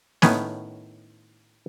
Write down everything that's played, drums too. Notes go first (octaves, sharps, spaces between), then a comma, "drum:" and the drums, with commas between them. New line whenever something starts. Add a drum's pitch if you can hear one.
A2 D#3 B3 C#4, drum: snare A#3